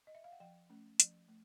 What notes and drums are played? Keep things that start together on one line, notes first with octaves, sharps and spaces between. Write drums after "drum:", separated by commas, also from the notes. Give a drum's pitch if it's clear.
D#5
E5
F5
F#5
F3 G5
A3 C#4
F3, drum: hi-hat
A3